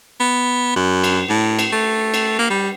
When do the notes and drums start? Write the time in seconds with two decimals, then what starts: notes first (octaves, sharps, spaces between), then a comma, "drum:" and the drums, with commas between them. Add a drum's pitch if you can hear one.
0.21 B3
0.76 F#2
1.04 drum: cymbal
1.30 A2
1.59 drum: cymbal
1.72 A3
2.14 drum: cymbal
2.39 A#3
2.50 G3